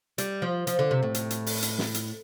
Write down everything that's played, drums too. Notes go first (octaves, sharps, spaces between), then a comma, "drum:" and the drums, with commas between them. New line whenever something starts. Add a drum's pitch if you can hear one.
G3, drum: hi-hat
F3
F3, drum: hi-hat
D3
C3
A2
drum: hi-hat
drum: hi-hat
drum: open hi-hat
drum: hi-hat
drum: snare
drum: hi-hat